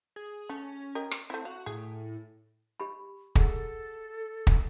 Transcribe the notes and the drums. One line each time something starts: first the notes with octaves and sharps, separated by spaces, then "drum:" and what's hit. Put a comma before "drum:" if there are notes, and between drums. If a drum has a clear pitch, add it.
G#4
A3 C#4
G4 A#4 D#5
drum: rim click
A3 C4 E4
F#4 F5
A2 G#4
G4 B5
G#4 A4 F#5, drum: kick
drum: kick